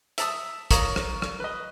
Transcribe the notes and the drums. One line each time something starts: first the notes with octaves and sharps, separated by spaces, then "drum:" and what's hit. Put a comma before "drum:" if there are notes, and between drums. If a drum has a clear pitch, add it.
E5 A5 D#6, drum: hi-hat
F4 A#4 C#5 A#5 C#6 D#6, drum: kick, hi-hat
drum: rim click
drum: rim click
B4 D#5